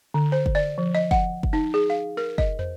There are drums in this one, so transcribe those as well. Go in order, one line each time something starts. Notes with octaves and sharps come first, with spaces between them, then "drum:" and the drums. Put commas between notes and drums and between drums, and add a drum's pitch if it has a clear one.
D3
C5
drum: kick
D5
F3
D#5
F#5, drum: kick
drum: kick
D#4
G#4
F5
A#4
D#5, drum: kick
C5, drum: tom